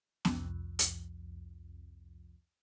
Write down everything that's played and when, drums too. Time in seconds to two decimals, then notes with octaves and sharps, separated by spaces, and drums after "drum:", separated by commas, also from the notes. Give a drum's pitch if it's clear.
0.25 C2 F2, drum: snare B3
0.79 drum: hi-hat